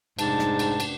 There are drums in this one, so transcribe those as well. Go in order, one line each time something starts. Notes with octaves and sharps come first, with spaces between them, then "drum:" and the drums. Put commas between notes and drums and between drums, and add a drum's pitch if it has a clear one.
F1 G#2 D4 A5, drum: cymbal
drum: snare
drum: cymbal
drum: cymbal